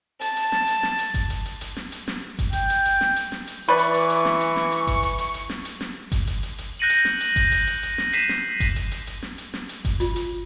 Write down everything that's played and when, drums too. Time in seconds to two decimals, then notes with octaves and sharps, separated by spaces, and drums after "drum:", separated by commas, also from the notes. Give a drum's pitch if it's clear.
0.21 A5, drum: hi-hat
0.37 drum: hi-hat
0.52 drum: snare
0.68 drum: hi-hat
0.83 drum: snare
0.99 drum: hi-hat
1.14 drum: kick G1, hi-hat
1.30 drum: hi-hat
1.45 drum: hi-hat
1.61 drum: hi-hat
1.76 drum: snare
1.92 drum: hi-hat
2.08 drum: snare
2.39 drum: kick G1, hi-hat
2.53 G5, drum: hi-hat
2.70 drum: hi-hat
2.85 drum: hi-hat
3.01 drum: snare
3.16 drum: hi-hat
3.32 drum: snare
3.47 drum: hi-hat
3.69 E3 B4 D5 C#6
3.79 drum: hi-hat
3.94 drum: hi-hat
4.10 drum: hi-hat
4.25 drum: snare
4.41 drum: hi-hat
4.56 drum: snare
4.72 drum: hi-hat
4.87 drum: kick G1, hi-hat
5.03 drum: hi-hat
5.18 drum: hi-hat
5.34 drum: hi-hat
5.49 drum: snare
5.65 drum: hi-hat
5.81 drum: snare
6.12 drum: kick G1, hi-hat
6.27 drum: hi-hat
6.43 drum: hi-hat
6.58 drum: hi-hat
6.79 F#6 G6 A#6 C#7 D#7 F#7
6.89 drum: hi-hat
7.05 drum: snare
7.20 drum: hi-hat
7.36 drum: kick G1, hi-hat
7.52 drum: hi-hat
7.67 drum: hi-hat
7.83 drum: hi-hat
7.98 drum: snare
8.13 B6 C7 D#7 E7, drum: hi-hat
8.29 drum: snare
8.60 drum: kick G1, hi-hat
8.76 drum: hi-hat
8.91 drum: hi-hat
9.07 drum: hi-hat
9.22 drum: snare
9.38 drum: hi-hat
9.54 drum: snare
9.69 drum: hi-hat
9.85 drum: kick G1, hi-hat
10.00 F4, drum: hi-hat
10.16 drum: hi-hat